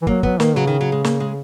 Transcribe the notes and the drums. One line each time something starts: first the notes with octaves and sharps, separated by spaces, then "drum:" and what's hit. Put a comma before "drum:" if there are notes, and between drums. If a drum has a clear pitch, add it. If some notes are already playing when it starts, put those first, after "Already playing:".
E3
F#3 A#3, drum: kick
F#3 B3, drum: kick
D#3 A#3, drum: snare
C#3 F#3
D#3
F#3
G#3
A#3, drum: snare
G#3